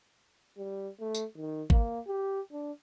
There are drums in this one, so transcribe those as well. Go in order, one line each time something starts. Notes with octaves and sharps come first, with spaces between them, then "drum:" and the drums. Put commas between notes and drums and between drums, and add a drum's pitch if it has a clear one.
G3
A3
drum: tambourine
D#3
A#3, drum: kick G#1
G4
D4